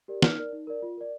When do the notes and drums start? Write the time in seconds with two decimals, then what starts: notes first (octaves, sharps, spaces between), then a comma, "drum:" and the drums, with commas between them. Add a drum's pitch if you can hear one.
0.08 G4 A#4 D5
0.22 D#4 F6, drum: snare
0.37 A#4 D5
0.53 D#4
0.67 A#4 D5
0.82 F4
0.97 A#4 D5